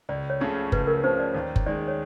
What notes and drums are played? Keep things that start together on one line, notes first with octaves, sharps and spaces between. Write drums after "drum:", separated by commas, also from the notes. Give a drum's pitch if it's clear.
C#2 D5
C#5
C#3 F3 A3 C#4
C#2 B4, drum: kick F#1
A#4
C#3 F3 A3 C#4 C5
D5
D#2 C#5
drum: kick F#1
D#3 G#3 D5
C#5